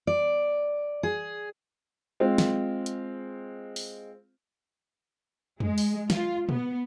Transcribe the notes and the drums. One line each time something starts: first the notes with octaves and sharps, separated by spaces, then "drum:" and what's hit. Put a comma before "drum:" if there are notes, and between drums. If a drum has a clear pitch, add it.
D5
G#4
G#3 C4 F4
drum: snare
drum: hi-hat
drum: open hi-hat
G#3, drum: tom F2
drum: open hi-hat
F4, drum: snare
B3, drum: tom A#2